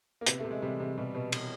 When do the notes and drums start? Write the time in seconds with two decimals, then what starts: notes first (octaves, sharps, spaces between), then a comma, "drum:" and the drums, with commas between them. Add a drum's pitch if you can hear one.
0.21 A#3
0.26 C3 B3, drum: hi-hat
0.39 A3
0.45 C3
0.51 G#3
0.62 C3 G3
0.80 C3
0.98 B2 G3
1.14 B2 G3
1.32 B2, drum: cymbal